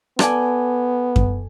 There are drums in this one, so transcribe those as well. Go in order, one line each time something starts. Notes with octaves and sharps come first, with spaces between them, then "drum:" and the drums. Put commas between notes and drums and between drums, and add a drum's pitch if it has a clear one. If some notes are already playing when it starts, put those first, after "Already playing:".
B3 A4 D5 G#5, drum: rim click
drum: kick F#2